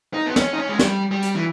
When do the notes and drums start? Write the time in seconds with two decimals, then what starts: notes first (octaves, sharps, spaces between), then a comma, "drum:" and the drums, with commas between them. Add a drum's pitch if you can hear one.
0.14 D#4
0.26 B3
0.36 C#4, drum: snare
0.53 D#4
0.57 C#4
0.69 G#3
0.79 G3, drum: snare
1.11 G3
1.22 drum: hi-hat
1.36 E3